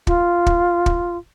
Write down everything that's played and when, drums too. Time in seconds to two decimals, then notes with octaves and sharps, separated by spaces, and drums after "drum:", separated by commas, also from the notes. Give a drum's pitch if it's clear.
0.07 F4, drum: kick
0.46 drum: kick
0.86 drum: kick